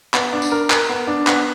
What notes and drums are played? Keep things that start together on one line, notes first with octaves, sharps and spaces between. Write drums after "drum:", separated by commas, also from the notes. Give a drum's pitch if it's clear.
B3, drum: clap
D4
drum: tambourine
A#4
A#4, drum: clap
B3
D4
B3, drum: clap